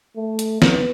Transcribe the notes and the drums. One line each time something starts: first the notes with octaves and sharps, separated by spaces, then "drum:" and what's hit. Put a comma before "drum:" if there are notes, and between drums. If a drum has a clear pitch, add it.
A3
drum: hi-hat
B3, drum: snare